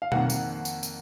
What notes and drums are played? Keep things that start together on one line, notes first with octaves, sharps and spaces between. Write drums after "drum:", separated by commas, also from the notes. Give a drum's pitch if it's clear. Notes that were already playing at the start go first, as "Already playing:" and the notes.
F5
F2 D#3 A#3 F#5, drum: tom B2
drum: tambourine
drum: tambourine
drum: tambourine